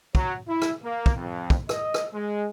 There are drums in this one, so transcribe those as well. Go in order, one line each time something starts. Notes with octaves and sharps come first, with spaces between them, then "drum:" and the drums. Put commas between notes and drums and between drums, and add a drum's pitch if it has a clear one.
F#3, drum: kick
E4
drum: rim click
A#3
drum: kick
F2
drum: kick
D#5, drum: rim click
drum: rim click
G#3